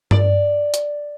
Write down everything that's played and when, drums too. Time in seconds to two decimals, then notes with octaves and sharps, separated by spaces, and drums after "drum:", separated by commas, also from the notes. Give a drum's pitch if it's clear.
0.11 D5, drum: tom G2
0.74 drum: hi-hat